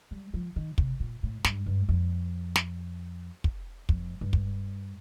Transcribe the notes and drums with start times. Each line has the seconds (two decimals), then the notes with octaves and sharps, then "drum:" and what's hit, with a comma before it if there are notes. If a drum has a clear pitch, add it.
0.11 G3
0.34 F3
0.56 D#3
0.78 C3, drum: kick
1.00 A#2
1.23 A2
1.44 G2, drum: snare
1.66 G2
1.89 F2
2.56 drum: snare
3.44 drum: kick
3.89 F2, drum: kick
4.21 G2
4.33 drum: kick